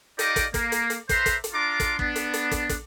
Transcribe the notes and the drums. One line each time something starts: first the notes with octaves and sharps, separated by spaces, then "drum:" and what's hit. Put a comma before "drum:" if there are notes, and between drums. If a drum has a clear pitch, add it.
D#4 G4 D5 D#5 F5 D6, drum: hi-hat
drum: kick, hi-hat
A#3, drum: kick, hi-hat
drum: hi-hat
drum: hi-hat
B4 C5 E5 A#5 C6, drum: kick, hi-hat
drum: kick, hi-hat
drum: hi-hat
D4 F4 A#5 C6 D6
drum: kick, hi-hat
B3 D4, drum: kick
drum: hi-hat
drum: hi-hat
drum: kick, hi-hat
drum: kick, hi-hat